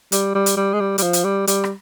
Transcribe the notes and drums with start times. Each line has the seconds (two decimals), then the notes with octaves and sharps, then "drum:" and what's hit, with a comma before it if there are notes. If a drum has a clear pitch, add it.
0.12 G3, drum: hi-hat
0.35 G3
0.46 drum: hi-hat
0.57 G3
0.73 G#3
0.80 G3
0.98 G3, drum: hi-hat
1.02 F3
1.13 drum: hi-hat
1.24 G3
1.47 G3, drum: hi-hat
1.64 drum: rim click